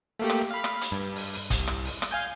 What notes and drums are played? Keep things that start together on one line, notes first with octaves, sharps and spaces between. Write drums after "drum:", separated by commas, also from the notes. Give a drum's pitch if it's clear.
A3 A#3 G4
drum: rim click
F5 B5
drum: rim click
drum: hi-hat
G2
drum: open hi-hat
drum: open hi-hat
C2, drum: kick, hi-hat
drum: rim click
drum: open hi-hat
drum: rim click
F5 G#5 G6